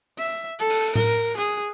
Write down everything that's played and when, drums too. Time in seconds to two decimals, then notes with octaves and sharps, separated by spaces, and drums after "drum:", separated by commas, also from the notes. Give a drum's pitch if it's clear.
0.18 E5
0.59 A4
0.70 drum: cymbal
0.95 A#4, drum: tom A2
1.37 G#4